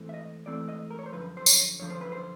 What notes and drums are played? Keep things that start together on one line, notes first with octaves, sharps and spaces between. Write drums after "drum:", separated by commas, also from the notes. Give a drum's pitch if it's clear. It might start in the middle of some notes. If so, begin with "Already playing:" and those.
Already playing: G#2 E3 A3 C4
E5
D#5
G#2 E3 A3 C4 D5
D#5
A#4
C#5
C5
F#2 D3 F3 B4
C5
C#5, drum: tambourine
F#2 D3 F3 C#5
C5
B4
C5